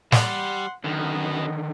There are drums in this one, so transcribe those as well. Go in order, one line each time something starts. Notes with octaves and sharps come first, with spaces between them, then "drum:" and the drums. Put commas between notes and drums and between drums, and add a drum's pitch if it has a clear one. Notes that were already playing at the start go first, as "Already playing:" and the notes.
G3 F#5 C6, drum: snare
F#2 D3 D#3 B3 D#5